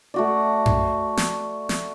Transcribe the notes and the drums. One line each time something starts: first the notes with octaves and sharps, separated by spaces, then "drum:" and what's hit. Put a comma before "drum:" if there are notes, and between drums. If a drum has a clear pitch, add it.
A3 F#4 D5
drum: tom F#2
drum: snare
drum: snare